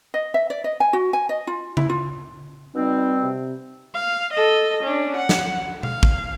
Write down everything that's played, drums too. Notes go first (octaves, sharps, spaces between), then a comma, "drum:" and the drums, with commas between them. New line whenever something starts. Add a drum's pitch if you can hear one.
D#5
E5
D5
D#5
G#5
F#4
G#5
D#5
F4
E4, drum: tom C#3
F4
B2 G3 C4 D#4
C3
F5
A4 D#5
C#4 D4
F#5
drum: snare
F5, drum: tom B2
drum: kick